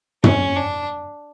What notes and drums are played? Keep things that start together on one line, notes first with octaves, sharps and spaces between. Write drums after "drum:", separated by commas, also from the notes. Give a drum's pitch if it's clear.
C#4, drum: tom
D4